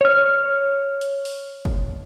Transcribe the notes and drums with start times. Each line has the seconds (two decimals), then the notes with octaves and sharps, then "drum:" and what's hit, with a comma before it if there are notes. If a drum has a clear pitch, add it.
0.01 C#5 F6
1.01 drum: hi-hat
1.25 drum: open hi-hat
1.65 drum: kick